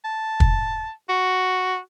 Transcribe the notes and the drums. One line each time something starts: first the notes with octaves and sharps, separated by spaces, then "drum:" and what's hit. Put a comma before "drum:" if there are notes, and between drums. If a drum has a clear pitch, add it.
A5
drum: kick
F#4